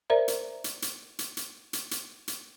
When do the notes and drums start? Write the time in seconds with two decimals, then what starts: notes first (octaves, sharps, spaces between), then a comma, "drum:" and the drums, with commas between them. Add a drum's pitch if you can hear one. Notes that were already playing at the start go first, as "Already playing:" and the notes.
0.10 A#4 C5 D5 E5 A#5
0.28 drum: hi-hat
0.64 drum: hi-hat
0.82 drum: hi-hat
1.19 drum: hi-hat
1.37 drum: hi-hat
1.73 drum: hi-hat
1.91 drum: hi-hat
2.28 drum: hi-hat